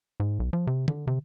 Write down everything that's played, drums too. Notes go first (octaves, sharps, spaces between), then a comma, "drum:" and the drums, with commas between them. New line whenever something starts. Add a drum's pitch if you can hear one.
G#2
B1
F3
C3
D3, drum: tom D3
C3